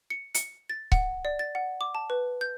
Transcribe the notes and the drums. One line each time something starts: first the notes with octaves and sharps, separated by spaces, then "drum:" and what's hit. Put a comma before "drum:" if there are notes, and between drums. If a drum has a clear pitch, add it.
C#7
C#7, drum: hi-hat
A6
F#5, drum: kick C#1
D5
A6
F#5
D6
A5
B4
G6